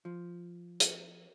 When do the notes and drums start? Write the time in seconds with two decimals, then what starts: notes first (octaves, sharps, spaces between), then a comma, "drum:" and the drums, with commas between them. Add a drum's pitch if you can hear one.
0.05 F3
0.80 drum: hi-hat